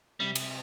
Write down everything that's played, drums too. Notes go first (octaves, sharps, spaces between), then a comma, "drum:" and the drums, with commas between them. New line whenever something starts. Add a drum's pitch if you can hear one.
C3 G3
drum: cymbal